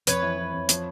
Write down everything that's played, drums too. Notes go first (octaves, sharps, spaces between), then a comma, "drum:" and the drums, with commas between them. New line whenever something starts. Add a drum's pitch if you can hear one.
F2 B4 C#5, drum: hi-hat
E3
E3
F2
F3, drum: hi-hat